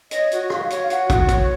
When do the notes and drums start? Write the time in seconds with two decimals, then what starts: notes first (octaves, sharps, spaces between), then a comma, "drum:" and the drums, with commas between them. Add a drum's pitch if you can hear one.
0.11 C#5 D#5, drum: hi-hat
0.32 F#4, drum: hi-hat
0.50 F#4 F5, drum: rim click
0.70 C#5, drum: hi-hat
0.81 F5
0.90 F#4 F#5, drum: hi-hat
1.10 F#4, drum: kick, hi-hat
1.29 C#5, drum: kick, hi-hat